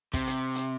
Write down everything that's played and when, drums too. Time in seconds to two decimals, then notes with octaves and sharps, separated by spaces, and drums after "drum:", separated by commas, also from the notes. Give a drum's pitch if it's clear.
0.13 C3, drum: kick, hi-hat
0.27 drum: hi-hat
0.55 drum: hi-hat